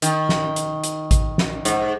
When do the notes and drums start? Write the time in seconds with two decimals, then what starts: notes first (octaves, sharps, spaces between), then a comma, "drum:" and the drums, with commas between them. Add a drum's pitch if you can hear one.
0.02 D#3, drum: hi-hat
0.29 drum: snare
0.56 drum: hi-hat
0.84 drum: hi-hat
1.11 drum: kick A1, hi-hat
1.38 drum: snare
1.65 G#2, drum: hi-hat